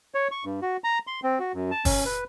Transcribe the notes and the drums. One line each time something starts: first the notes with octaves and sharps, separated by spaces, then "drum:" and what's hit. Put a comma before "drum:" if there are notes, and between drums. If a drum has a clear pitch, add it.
C#5
C#6
G2
F#4
A#5
C6
C4
F#4
F#2
A5
C#4, drum: kick, open hi-hat
B4